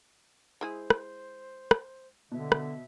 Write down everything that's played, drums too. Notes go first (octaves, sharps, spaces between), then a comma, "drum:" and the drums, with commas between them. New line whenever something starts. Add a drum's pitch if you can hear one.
G#3 E4 G#4 C5
drum: rim click
drum: rim click
B2 D3 E5
drum: rim click